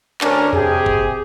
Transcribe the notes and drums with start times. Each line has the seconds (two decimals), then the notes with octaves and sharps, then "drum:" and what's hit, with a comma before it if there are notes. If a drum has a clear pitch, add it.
0.21 D2 C#4 D4 A#4, drum: clap
0.53 C3 G4 G#4, drum: tom E2
0.86 drum: kick